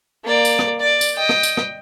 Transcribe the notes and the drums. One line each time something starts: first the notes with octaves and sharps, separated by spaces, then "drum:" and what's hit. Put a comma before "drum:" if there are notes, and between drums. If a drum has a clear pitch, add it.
A#3 D5
drum: tambourine
drum: rim click
D5
drum: tambourine
D#5 G5
drum: rim click
drum: tambourine
drum: rim click